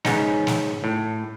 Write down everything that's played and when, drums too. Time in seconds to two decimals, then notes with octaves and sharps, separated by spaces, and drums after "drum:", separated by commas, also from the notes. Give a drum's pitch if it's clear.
0.05 G#2 C#3 B3 C#4 D#4, drum: snare
0.47 drum: snare
0.84 A2